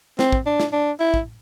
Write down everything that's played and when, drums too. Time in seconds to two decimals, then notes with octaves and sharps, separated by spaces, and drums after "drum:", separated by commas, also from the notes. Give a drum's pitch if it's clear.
0.19 C4, drum: snare
0.32 drum: kick
0.46 D4
0.60 drum: snare
0.73 D4
1.00 E4
1.14 drum: kick